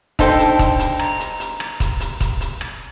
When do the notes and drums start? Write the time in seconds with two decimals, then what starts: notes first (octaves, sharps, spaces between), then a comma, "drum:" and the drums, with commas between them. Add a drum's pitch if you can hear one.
0.19 D4 D#4 A4 C5 G5, drum: kick, hi-hat
0.39 drum: hi-hat
0.59 drum: kick, hi-hat
0.79 drum: hi-hat
0.99 A#5, drum: rim click
1.20 drum: hi-hat
1.40 drum: hi-hat
1.60 drum: rim click
1.80 drum: kick, hi-hat
2.00 drum: hi-hat
2.20 drum: kick, hi-hat
2.41 drum: hi-hat
2.61 drum: rim click